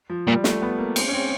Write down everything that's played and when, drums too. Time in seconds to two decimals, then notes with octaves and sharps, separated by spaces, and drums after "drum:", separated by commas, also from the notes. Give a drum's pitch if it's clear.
0.10 F3
0.27 A#2 G3
0.44 A3, drum: snare
0.62 B3
0.78 A#3
0.96 C4, drum: cymbal
1.08 C#4
1.14 C4